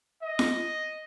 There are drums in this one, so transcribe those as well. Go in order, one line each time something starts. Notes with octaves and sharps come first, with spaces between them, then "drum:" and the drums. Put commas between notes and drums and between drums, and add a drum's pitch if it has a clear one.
D#5
drum: snare